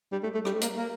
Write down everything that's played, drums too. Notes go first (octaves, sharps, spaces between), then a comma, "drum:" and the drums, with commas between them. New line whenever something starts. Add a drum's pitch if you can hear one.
G3
A3
A3
G3, drum: rim click
A3
A#3, drum: hi-hat
A#3